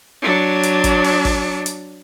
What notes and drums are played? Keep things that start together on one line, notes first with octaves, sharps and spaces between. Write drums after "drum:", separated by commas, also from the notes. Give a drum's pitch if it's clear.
F#3 D4
drum: hi-hat
drum: kick, hi-hat
drum: open hi-hat
drum: kick, open hi-hat
drum: hi-hat